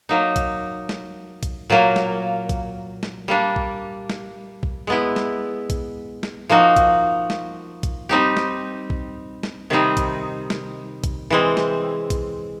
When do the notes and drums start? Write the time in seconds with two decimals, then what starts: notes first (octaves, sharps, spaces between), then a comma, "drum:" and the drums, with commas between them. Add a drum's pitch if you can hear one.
0.09 F#3 A#3 D#4
0.36 drum: kick, hi-hat
0.89 drum: snare
1.43 drum: kick, hi-hat
1.70 A#2 F#3 A#3
1.96 drum: snare
2.49 drum: kick, hi-hat
3.03 drum: snare
3.28 G3 A#3 D4
3.56 drum: kick
4.10 drum: snare
4.63 drum: kick
4.87 G#3 B3 E4
5.16 drum: snare
5.70 drum: kick, hi-hat
6.23 drum: snare
6.49 F3 A#3 D#4 F#4
6.76 drum: kick, hi-hat
7.30 drum: snare
7.83 drum: kick, hi-hat
8.09 G3 C4 D#4 G4
8.37 drum: snare
8.90 drum: kick
9.43 drum: snare
9.70 C3 D#3 G3 C4 D#4
9.97 drum: kick, hi-hat
10.50 drum: snare
11.04 drum: kick, hi-hat
11.30 E3 G#3 C4
11.57 drum: snare
12.10 drum: kick, hi-hat